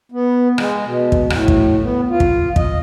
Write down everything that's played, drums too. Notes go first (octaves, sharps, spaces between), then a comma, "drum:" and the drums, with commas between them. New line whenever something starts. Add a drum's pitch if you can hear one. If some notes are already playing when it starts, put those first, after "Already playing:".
B3
G#3, drum: rim click
B2
drum: kick
A2, drum: rim click
drum: kick
B3
F4
drum: kick
D#5, drum: kick